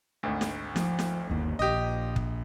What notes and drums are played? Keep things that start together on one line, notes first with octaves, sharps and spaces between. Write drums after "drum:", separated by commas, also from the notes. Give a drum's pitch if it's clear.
G#1 D2
drum: snare
F3, drum: snare
drum: snare
G1 D#2 A#3
A#1 G4 D#5
drum: kick